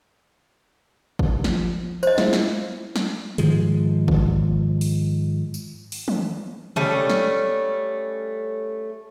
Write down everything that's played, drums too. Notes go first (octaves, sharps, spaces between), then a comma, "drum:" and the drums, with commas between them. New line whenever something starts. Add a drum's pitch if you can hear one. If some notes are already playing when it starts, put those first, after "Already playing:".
drum: kick
F3, drum: snare
C5 D#5, drum: tambourine
G#3 E4 F4, drum: snare
drum: snare
drum: snare
G#2 D#3 F3 G#3, drum: hi-hat
drum: kick
drum: open hi-hat
drum: tambourine
drum: open hi-hat
drum: tom
G3 A3 C#4, drum: tom
drum: snare